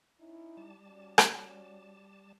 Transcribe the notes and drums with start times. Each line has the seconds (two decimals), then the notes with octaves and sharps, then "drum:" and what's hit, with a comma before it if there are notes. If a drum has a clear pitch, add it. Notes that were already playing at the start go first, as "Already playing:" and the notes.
0.20 C#4 D#4 E4
0.57 G3 A5
0.88 C#4 F#4 D5
1.18 drum: rim click